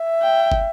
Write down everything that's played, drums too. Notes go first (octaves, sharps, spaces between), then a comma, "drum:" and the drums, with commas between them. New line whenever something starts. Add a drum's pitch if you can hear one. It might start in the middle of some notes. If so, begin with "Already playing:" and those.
Already playing: E5
G5
drum: kick